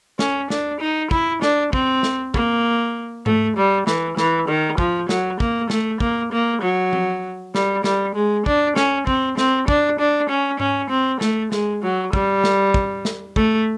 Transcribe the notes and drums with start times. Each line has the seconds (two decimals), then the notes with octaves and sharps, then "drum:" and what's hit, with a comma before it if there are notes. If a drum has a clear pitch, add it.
0.19 C#4, drum: snare
0.50 D4, drum: snare
0.81 D#4
1.11 E4, drum: kick
1.42 D4, drum: snare
1.73 C4, drum: kick
2.03 drum: snare
2.34 A#3, drum: kick
3.26 A3, drum: tom G#2
3.57 G3
3.87 E3, drum: snare
4.17 E3, drum: snare
4.49 D#3
4.78 F3, drum: kick
5.09 F#3, drum: snare
5.40 A#3, drum: kick
5.70 A3, drum: snare
6.00 A#3, drum: kick
6.32 A#3
6.62 F#3
6.93 drum: tom F3
7.55 G3, drum: snare
7.84 G3, drum: snare
8.15 G#3
8.46 D4, drum: kick
8.76 C#4, drum: snare
9.07 C4, drum: kick
9.37 C4, drum: snare
9.68 D4, drum: kick
9.99 D4
10.30 C#4
10.60 C#4, drum: tom G#2
10.90 C4
11.21 A3, drum: snare
11.52 G#3, drum: snare
11.83 F#3
12.13 G3, drum: kick
12.44 drum: snare
12.74 drum: kick
13.05 drum: snare
13.36 A3, drum: kick